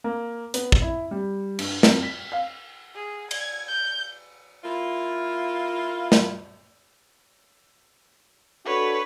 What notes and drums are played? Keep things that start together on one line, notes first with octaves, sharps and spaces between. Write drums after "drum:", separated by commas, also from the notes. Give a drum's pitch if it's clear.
A#3
B3, drum: hi-hat
drum: kick
E4
G3
G2, drum: cymbal
F2, drum: snare
B6
F5
G#4
G#6, drum: cymbal
G6
A#3 E4 F4
drum: snare
D4 F#4 A4 B4 C#5